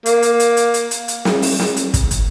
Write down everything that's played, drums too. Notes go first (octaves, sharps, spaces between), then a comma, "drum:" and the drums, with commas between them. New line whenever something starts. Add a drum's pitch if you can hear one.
A#3, drum: hi-hat
drum: hi-hat
drum: hi-hat
drum: hi-hat
drum: hi-hat
drum: hi-hat
drum: hi-hat
drum: snare
drum: open hi-hat
drum: snare
drum: hi-hat
drum: kick, hi-hat
drum: hi-hat